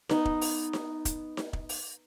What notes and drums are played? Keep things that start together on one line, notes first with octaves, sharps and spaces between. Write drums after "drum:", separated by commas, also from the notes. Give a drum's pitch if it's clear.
B3 D#4, drum: snare D#4
drum: kick
drum: open hi-hat
drum: snare D#4
drum: kick, hi-hat
drum: snare D#4
drum: kick
drum: open hi-hat